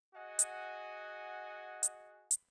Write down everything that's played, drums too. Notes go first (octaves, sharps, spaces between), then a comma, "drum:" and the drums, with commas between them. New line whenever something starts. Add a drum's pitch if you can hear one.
F#4 G#4 D#5 F#5 G#5
drum: hi-hat
drum: hi-hat
drum: hi-hat